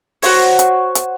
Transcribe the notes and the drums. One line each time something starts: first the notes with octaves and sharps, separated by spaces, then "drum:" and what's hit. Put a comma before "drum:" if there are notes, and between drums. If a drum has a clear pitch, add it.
F#4 C5 C#5, drum: open hi-hat
drum: hi-hat
drum: hi-hat